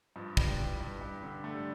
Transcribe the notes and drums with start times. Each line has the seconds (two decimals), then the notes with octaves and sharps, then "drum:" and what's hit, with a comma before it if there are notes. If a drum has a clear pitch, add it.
0.16 G2 F3
0.37 G2 G3, drum: kick
0.59 E3
0.80 G2
1.01 G2
1.23 D3
1.44 D3 A3
1.54 G3